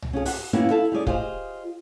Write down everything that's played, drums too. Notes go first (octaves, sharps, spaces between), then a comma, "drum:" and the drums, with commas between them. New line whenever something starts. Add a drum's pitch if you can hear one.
drum: tom C2
C#4 F4 G#4
E5 F#5, drum: open hi-hat
A#3 B3 C#4 E4 F4 G4
E4 A4 E5 F5
G3 C#4 G#4 D5
F4 G4 G#4 C5 D#5, drum: kick